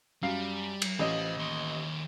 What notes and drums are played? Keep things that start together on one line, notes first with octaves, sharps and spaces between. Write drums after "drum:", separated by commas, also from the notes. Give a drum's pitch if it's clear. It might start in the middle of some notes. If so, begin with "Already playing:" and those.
F#2 G3 F5 C7
drum: cymbal
A1 C5 D#5 F5
D#2 C6